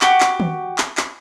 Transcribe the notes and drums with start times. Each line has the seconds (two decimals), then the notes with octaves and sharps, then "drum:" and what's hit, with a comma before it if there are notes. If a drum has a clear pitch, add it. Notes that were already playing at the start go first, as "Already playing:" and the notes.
0.01 F#4 G4, drum: clap
0.20 drum: clap
0.40 drum: tom D#3
0.78 drum: clap
0.97 drum: clap